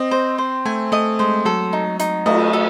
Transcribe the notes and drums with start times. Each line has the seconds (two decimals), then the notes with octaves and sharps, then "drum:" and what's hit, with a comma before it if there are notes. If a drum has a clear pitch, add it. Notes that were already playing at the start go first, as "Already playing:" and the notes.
Already playing: C4 D#5
0.11 C5
0.38 C5
0.65 A3 G#5
0.92 A3 D#5
1.19 G#3 C5
1.45 F#3 A4
1.73 D#4
1.99 D#4, drum: hi-hat
2.26 A3 D#5, drum: cymbal
2.53 A4